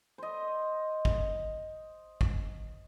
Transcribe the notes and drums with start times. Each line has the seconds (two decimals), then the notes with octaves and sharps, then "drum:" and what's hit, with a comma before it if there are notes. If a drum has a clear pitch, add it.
0.18 C5 D#5
1.05 drum: kick G#1
2.21 drum: kick G#1